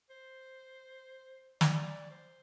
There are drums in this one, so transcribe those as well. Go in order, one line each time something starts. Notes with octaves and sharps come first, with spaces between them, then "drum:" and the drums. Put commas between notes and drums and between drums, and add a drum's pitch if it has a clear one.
C5
D5, drum: snare
C5